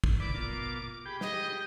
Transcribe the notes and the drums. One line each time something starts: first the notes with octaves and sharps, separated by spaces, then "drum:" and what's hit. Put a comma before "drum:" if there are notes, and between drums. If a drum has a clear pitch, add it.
drum: kick
E4 B4 D5 D6
B2 A#3 F4
G4 G#4 G5 B5
D#5, drum: snare